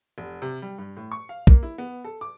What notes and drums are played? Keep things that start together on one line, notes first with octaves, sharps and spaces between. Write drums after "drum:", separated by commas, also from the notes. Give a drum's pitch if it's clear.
F1
C3
G3
G2
A2
C#6
F5
A#3, drum: kick
E4
B3
A4
D6